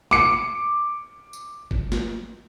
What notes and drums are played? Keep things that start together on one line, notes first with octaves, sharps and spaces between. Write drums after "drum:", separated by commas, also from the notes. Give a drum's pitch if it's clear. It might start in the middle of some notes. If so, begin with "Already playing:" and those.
D6 C#7, drum: snare
drum: tambourine
drum: kick
drum: snare